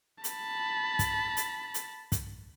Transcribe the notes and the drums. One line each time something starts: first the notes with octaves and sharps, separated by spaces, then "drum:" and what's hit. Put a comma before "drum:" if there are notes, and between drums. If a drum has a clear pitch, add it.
A5 B5, drum: hi-hat
drum: kick, hi-hat
drum: hi-hat
drum: hi-hat
drum: kick, hi-hat